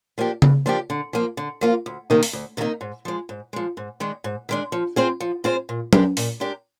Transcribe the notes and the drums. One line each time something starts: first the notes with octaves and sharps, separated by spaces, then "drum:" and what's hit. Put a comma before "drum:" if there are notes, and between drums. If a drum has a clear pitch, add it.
F3 A#3 D4 G4
G2, drum: tom C#3
F3 A#3 D4 G4
D3
F3 A#3 F4
D3
F3 A#3 F4
D2
C3 D#3 A#3 D#4
drum: open hi-hat
D2
C3 D#3 A#3 D#4
G#2
F3 G#3
G#2
F3 G#3
G#2
D#3 G#3 D4
G#2
D#3 G#3 D4
F3
C4 F4 G#4 C5
F3
C4 F4 G#4 C5
A#2
G#3 D4 G4 A#4, drum: tom F#3
A#2, drum: open hi-hat
G#3 D4 G4 A#4